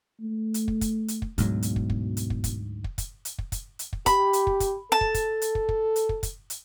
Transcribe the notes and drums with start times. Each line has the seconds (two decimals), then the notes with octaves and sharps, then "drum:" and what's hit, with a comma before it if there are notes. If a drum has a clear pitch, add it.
0.21 A3
0.54 drum: hi-hat
0.68 drum: kick
0.81 drum: kick, hi-hat
1.08 drum: hi-hat
1.22 drum: kick
1.38 D2 G#2 B2 F#3, drum: kick, hi-hat
1.62 drum: hi-hat
1.76 drum: kick
1.90 drum: kick
2.17 drum: hi-hat
2.30 drum: kick
2.44 drum: kick, hi-hat
2.84 drum: kick
2.98 drum: kick, hi-hat
3.25 drum: hi-hat
3.38 drum: kick
3.52 drum: kick, hi-hat
3.79 drum: hi-hat
3.93 drum: kick
4.06 G4 B5, drum: kick, hi-hat
4.33 drum: hi-hat
4.47 drum: kick
4.60 drum: kick, hi-hat
4.92 A4 A5
5.01 drum: kick
5.14 drum: kick, hi-hat
5.42 drum: hi-hat
5.55 drum: kick
5.69 drum: kick
5.96 drum: hi-hat
6.09 drum: kick
6.23 drum: kick, hi-hat
6.50 drum: hi-hat